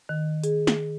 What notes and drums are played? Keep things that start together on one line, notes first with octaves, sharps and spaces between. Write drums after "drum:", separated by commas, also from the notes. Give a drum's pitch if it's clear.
D#3
G#4, drum: hi-hat
drum: snare